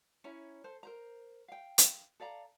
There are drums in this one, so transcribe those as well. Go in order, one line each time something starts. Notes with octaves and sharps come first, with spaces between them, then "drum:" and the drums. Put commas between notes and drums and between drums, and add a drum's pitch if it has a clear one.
C#4 E4 C#5 A#5
A4 C5
A#4 C5 A#5
F5 G5
drum: hi-hat
A4 D5 F5 A#5